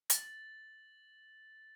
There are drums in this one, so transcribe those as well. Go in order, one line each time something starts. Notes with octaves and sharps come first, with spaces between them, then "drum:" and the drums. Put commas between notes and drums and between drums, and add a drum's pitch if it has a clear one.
A6 F#7, drum: hi-hat